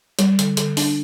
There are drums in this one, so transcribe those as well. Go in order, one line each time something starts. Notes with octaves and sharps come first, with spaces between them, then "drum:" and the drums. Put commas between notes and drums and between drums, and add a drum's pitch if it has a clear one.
G3, drum: hi-hat
D3, drum: hi-hat
D3, drum: hi-hat
D4, drum: open hi-hat